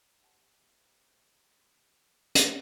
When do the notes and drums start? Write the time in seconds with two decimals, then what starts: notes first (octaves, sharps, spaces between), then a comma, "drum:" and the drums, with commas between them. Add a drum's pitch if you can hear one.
0.23 G3 G#3 A#3 G4 C5 F#5 G#5 A5
2.35 drum: hi-hat